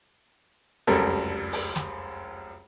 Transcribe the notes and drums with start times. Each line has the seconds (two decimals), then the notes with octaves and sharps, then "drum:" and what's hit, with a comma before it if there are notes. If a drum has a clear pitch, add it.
0.87 F1 C#2 F#2 G3 A4 A#4
1.52 drum: open hi-hat
1.76 drum: snare